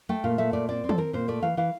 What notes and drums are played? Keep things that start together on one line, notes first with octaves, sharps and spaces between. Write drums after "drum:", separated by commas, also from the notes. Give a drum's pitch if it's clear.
A3 G5
A#2 F5
A3 E5
A#2 D5
C4 D5
C4
A4, drum: tom
C4 A#4
A#2 C5
A3 D5
E3 F5
E3 F5